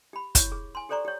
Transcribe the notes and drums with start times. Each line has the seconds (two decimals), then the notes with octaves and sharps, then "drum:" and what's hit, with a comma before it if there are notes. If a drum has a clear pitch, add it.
0.13 G4 B5
0.35 E4 C#5 C#6, drum: kick, hi-hat
0.52 G#4
0.75 G#5 C6
0.89 G4 A4 C5 D5 A#5 C#6
1.05 G4 C#5